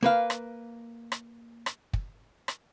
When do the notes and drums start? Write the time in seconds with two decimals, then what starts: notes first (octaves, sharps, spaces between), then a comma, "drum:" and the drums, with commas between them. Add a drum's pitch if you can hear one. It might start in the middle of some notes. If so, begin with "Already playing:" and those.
0.03 A#3 B4 F5
0.30 drum: rim click
1.12 drum: rim click
1.66 drum: rim click
1.93 drum: kick
2.48 drum: rim click